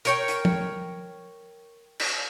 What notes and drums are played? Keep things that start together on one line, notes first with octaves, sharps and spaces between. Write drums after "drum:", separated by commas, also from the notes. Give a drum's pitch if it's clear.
A#4 C#5 G5, drum: hi-hat
drum: hi-hat
drum: tom F3
drum: cymbal